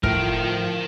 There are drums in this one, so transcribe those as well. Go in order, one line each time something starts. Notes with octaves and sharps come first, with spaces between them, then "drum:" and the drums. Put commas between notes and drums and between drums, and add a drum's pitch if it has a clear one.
A2 F3 A#4 G5 F6 D7, drum: kick